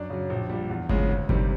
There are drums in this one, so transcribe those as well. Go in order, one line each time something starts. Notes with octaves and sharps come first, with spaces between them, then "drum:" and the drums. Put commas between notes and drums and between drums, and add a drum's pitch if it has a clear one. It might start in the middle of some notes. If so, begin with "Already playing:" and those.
Already playing: F#2 D4 D5
C#3 F#3
A#1
A#2 G3
E2
C#3 F3 G#3, drum: kick G1
D2
C3 D#3 G3, drum: kick G1